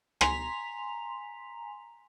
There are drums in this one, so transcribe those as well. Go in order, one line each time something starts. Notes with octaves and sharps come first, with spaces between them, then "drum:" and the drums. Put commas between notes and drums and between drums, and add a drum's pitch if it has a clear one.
G#5 A#5 C6 B6 F7, drum: rim click